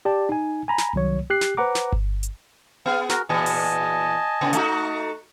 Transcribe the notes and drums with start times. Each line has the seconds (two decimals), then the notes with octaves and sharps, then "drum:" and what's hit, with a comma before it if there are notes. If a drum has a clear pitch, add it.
0.05 G4 D5 A5
0.29 D#4 G#5
0.68 G#5 A#5 B5
0.78 drum: snare
0.93 C2 D#3 F#3 C#5
1.30 G4 F#6 C7
1.41 drum: snare
1.57 B4 C5 F#5 A#5 D6
1.75 drum: snare
1.92 drum: kick G1
2.23 drum: hi-hat
2.86 B3 G#4 F5
3.09 F#4 A#4, drum: snare
3.29 E2 A#2 D#5 G#5 A5
3.46 drum: open hi-hat
4.41 A2 C#3 B3
4.53 A3 D#4 F#4, drum: hi-hat